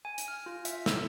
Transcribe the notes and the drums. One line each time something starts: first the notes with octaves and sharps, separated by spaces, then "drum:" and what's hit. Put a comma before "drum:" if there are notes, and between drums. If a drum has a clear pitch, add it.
G#5
drum: hi-hat
F6
F4
E5, drum: hi-hat
E6, drum: snare